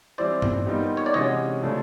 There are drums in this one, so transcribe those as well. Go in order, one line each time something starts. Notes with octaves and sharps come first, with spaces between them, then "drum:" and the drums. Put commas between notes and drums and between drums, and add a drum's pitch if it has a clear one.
E3 G3 C4 E4 C5 D5
drum: tom G2
A#2 G3 B3 D#4 G4
C#5
D5
C3 E3 G#3 C#4 F#4 C#5 D#5
C#3 F3 A3 D4